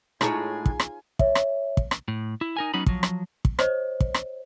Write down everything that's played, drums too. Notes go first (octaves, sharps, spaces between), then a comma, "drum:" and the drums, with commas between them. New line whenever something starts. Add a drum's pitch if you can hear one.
A2 G#3 D#4 F4 G#4 C#5 G#5 A#5, drum: rim click
drum: kick
drum: rim click
C#5 E5, drum: kick
drum: rim click
drum: kick
drum: rim click
A2
E4
D#4 A#4 G#5
F#3 B3 C#4 D#4 B5
F3 F#3, drum: kick
drum: rim click
drum: kick
C5 C#5 D#5, drum: rim click
drum: kick
drum: rim click